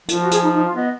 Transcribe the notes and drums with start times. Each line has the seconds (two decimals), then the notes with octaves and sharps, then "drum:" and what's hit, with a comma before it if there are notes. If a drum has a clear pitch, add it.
0.08 F3 F4, drum: hi-hat
0.20 F#4
0.31 G#4, drum: hi-hat
0.43 D#4
0.53 D#4
0.64 F4
0.75 B3 D#5